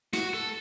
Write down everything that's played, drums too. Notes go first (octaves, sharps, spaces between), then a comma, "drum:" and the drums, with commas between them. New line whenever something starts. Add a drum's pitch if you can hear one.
F#4, drum: snare
A4